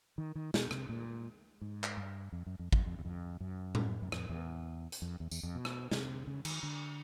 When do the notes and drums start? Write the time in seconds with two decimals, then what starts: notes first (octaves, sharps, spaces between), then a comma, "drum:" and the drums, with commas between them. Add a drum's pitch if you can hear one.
0.18 D#3
0.35 D#3
0.54 B2, drum: snare
0.71 C3, drum: rim click
0.89 A#2
1.61 G#2
1.84 drum: clap
1.97 G2
2.32 F2
2.46 F#2
2.59 F2
2.72 F#2, drum: kick
2.86 F2
2.99 E2
3.05 F2
3.40 F#2
3.75 drum: tom A2
4.02 F#2
4.12 F2, drum: rim click
4.29 E2
4.92 drum: hi-hat
5.02 F2
5.20 E2
5.31 E2, drum: tambourine
5.43 F2
5.55 B2
5.65 drum: rim click
5.91 C3, drum: snare
6.27 C#3
6.45 D#3, drum: cymbal
6.63 D3